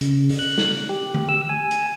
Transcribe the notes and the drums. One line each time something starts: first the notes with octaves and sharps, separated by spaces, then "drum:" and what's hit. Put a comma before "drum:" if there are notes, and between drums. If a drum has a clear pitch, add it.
C#3, drum: hi-hat
drum: open hi-hat
F#6
drum: snare
G4
drum: tom D3
E6
G#5
drum: hi-hat